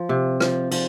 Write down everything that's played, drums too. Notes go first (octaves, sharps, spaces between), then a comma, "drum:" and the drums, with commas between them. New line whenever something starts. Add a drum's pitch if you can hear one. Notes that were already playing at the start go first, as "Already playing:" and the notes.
Already playing: F3
C3
F3, drum: rim click
F3, drum: cymbal